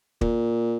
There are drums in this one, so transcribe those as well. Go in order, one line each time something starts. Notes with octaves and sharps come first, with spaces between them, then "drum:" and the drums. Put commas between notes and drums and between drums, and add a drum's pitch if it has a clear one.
A#2, drum: kick